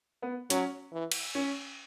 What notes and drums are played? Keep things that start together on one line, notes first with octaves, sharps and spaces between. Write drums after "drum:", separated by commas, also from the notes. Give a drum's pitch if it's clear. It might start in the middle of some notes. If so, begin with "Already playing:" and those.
B3
F#3 C#4, drum: hi-hat
E3
drum: cymbal
C#4